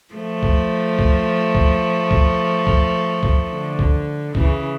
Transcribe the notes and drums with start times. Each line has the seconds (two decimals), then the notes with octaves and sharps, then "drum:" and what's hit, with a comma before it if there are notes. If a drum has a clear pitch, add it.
0.15 F3 A3
0.43 drum: kick C2
0.99 drum: kick C2
1.55 drum: kick C2
2.11 drum: kick C2
2.67 drum: kick C2
3.23 drum: kick C2
3.51 D3
3.79 drum: kick C2
4.35 C#3 E3, drum: kick C2